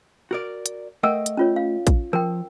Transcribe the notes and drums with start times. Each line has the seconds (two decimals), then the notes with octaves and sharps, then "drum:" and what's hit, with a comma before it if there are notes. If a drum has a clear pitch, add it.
0.31 F#4 A#4 D5
0.66 drum: hi-hat
1.03 A3 A#4 D#5 F#5 G5 E6
1.26 drum: hi-hat
1.37 C#4 F4 C#5
1.56 F5
1.87 drum: kick, hi-hat
2.13 F3 A#4 G5